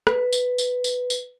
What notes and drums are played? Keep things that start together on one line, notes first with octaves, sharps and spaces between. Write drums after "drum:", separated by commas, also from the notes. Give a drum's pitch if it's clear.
B4, drum: rim click
drum: tambourine
drum: tambourine
drum: tambourine
drum: tambourine